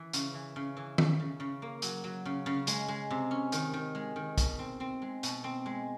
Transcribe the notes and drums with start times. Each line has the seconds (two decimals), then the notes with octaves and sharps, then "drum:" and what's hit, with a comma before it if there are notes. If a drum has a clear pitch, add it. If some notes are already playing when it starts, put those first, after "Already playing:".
Already playing: E3
0.13 C#3, drum: hi-hat
0.34 E3
0.56 C#3
0.77 E3
0.98 C#3, drum: tom D#3
1.20 C#3
1.40 C#3
1.62 A#3
1.82 F#3, drum: hi-hat
2.04 F#3
2.25 C#3
2.46 C#3
2.67 G#3, drum: hi-hat
2.88 G#3
3.10 C3
3.31 C#4
3.52 D#3, drum: hi-hat
3.73 D#3
3.95 G#3
4.16 D#3
4.38 B2, drum: kick, hi-hat
4.59 C4
4.80 C4
5.02 G#3
5.23 B2, drum: hi-hat
5.44 C4
5.66 G#3